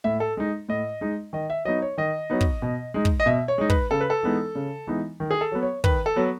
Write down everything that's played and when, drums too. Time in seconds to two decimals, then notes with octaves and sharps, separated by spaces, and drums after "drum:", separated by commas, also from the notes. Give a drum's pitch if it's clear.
0.04 A2 E5
0.20 A4
0.37 G#3 D#4
0.69 A2 D#5
1.01 G#3 D#4
1.33 D#3 D#5
1.50 E5
1.65 F#3 B3 D#4 D#5
1.82 C#5
1.98 D#3 D#5
2.30 F#3 B3 D#4
2.41 drum: kick
2.62 B2
2.94 G#3 D#4
3.05 drum: kick
3.20 D#5
3.26 B2 E5
3.48 C#5
3.58 G#3 D#4
3.70 B4, drum: kick
3.91 C#3 A4
4.01 B4
4.10 A4
4.23 E3 G#3 B3 D#4
4.55 C#3
4.87 E3 G#3 B3 D#4
5.20 D#3
5.31 G#4
5.41 A4
5.52 F#3 B3
5.63 C#5
5.84 D#3 B4, drum: kick
6.06 A4
6.16 F#3 B3